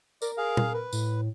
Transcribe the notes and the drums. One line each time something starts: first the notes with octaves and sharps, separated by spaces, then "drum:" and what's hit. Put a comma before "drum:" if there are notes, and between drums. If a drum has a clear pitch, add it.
A#4 D5, drum: tambourine
G#4 F5
drum: tom A#2
B4
A2, drum: tambourine